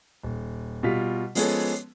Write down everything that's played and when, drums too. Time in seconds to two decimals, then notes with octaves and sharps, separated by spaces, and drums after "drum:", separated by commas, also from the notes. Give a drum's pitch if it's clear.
0.23 D#1
0.83 B2 G3 F4 B6
1.35 F3 G#3 B3 C#4 G#4 A4, drum: open hi-hat